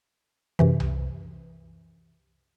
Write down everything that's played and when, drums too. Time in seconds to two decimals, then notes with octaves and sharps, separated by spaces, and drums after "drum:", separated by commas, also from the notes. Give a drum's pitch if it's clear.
0.59 F#2 C3 E3
0.80 drum: tom C2